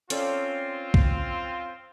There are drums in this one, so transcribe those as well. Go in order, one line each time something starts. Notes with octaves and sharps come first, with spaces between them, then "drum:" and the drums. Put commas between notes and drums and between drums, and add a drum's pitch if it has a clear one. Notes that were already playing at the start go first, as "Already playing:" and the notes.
C4 C#4 F4 A4 D5, drum: hi-hat
drum: kick C2